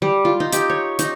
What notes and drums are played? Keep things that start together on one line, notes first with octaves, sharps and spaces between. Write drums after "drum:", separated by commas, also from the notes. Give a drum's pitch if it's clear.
G3
F4
D#4
G4, drum: hi-hat
C#5
D#4, drum: hi-hat